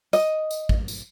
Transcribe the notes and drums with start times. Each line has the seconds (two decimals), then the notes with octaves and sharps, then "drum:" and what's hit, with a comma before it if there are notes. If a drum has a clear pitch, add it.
0.13 D#5, drum: tambourine
0.51 drum: tambourine
0.69 drum: kick
0.88 drum: tambourine